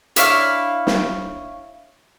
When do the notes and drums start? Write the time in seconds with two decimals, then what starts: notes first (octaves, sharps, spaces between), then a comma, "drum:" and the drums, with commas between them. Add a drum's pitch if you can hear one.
0.16 D4 E4 C#5 F5, drum: hi-hat
0.87 drum: snare